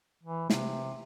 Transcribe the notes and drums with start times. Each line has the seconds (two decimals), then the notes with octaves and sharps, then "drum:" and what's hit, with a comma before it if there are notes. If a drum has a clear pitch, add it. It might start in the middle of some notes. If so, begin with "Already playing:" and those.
0.23 E3
0.50 C3, drum: snare